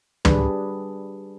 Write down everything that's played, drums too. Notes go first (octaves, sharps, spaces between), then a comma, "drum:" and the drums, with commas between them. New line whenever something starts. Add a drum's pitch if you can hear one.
G3 D4 G#4 B4, drum: tom